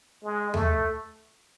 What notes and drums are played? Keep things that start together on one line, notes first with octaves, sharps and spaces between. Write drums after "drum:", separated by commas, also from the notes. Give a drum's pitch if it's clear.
G#3
A3, drum: tom